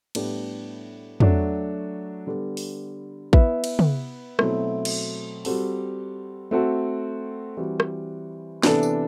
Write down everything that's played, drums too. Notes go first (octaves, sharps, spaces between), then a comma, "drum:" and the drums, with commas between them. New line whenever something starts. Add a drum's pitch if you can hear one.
A2 G3 B3 D4 G4, drum: cymbal
F#3 A3 D4 F#4, drum: tom
D3 G3 B3
drum: open hi-hat
B3 E4 B4 E5, drum: kick
drum: cymbal
drum: tom
B2 F#3 A3 C4 E4, drum: rim click
drum: cymbal
G3 C4 F#4 A4, drum: open hi-hat
A3 C4 F#4 A4
E3 G3 C4 F#4
drum: rim click
C3 E3 B3 D4 A4, drum: snare
drum: tambourine